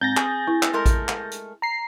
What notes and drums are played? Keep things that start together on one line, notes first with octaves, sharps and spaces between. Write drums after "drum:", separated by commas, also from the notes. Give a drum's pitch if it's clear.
G#2 C4 G6 A6 A#6
G#4, drum: clap
E4
drum: clap
G#3 A3 A#4
drum: kick A1, hi-hat
drum: clap
drum: hi-hat
A#5 C7